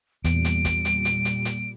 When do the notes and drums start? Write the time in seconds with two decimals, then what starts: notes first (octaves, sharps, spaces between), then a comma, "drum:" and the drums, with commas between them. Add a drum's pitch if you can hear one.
0.24 E2 A#2 G3 D7, drum: hi-hat
0.45 drum: hi-hat
0.65 drum: kick, hi-hat
0.85 drum: hi-hat
1.05 drum: hi-hat
1.25 drum: hi-hat
1.45 drum: hi-hat